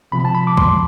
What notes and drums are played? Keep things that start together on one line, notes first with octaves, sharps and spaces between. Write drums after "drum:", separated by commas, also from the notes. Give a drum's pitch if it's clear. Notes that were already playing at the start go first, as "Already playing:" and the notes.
C2 C3 F3 B5
A5
B5
D6
C6, drum: kick